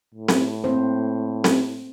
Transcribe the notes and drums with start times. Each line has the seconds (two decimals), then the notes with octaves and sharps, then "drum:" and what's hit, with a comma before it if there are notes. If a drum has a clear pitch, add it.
0.14 A2
0.28 drum: snare C4
0.64 A#3 C4 C5
1.44 drum: snare C4